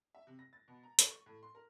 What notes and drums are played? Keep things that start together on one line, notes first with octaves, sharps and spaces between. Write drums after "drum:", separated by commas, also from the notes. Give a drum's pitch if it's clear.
E5
C3
A#6
A6
B2
A#5
A4, drum: hi-hat
C#6
A2
C6
A#4